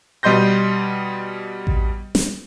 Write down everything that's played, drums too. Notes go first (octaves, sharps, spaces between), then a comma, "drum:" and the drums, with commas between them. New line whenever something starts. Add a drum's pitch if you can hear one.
B2 G3 D#5 C6 G6 A#6
drum: kick A1
drum: snare